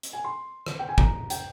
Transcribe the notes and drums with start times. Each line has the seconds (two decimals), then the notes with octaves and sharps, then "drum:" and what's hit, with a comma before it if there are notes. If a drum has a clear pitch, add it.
0.03 drum: hi-hat
0.13 G#5
0.25 C6
0.66 drum: rim click
0.79 G5
0.89 G#5
0.98 A#5, drum: kick
1.30 G5, drum: hi-hat